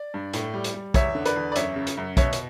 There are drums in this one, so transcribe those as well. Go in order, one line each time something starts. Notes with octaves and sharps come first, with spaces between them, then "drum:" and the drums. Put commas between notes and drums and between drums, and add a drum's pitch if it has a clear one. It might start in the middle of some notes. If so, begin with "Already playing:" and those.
Already playing: D5
G2
A2, drum: hi-hat
G3
drum: hi-hat
G3
E2 C#5 E5, drum: kick, hi-hat
D3
B4 D5, drum: hi-hat
E2
D5
F#2 C#5 E5, drum: hi-hat
C#3
drum: hi-hat
F#2
B2 C#5 E5, drum: kick, hi-hat
drum: hi-hat